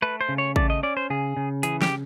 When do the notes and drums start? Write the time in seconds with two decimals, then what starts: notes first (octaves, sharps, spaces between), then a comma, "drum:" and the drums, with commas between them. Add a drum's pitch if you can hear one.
0.02 A3 B4
0.21 C5
0.29 C#3
0.38 C#5
0.56 A3 D5, drum: kick A1
0.70 D#5
0.83 C#4 D5
0.97 C5
1.10 C#3 G#4
1.37 C#3
1.63 E3 G#4, drum: hi-hat
1.82 G4, drum: snare